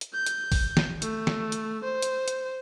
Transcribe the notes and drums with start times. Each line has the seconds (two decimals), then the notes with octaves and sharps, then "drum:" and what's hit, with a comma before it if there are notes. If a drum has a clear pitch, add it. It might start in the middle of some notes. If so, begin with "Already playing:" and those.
0.01 drum: hi-hat
0.14 G6
0.26 drum: hi-hat
0.52 drum: kick, open hi-hat
0.77 drum: snare
1.02 A3, drum: hi-hat
1.27 drum: snare
1.52 drum: hi-hat
1.84 C5
2.02 drum: hi-hat
2.28 drum: hi-hat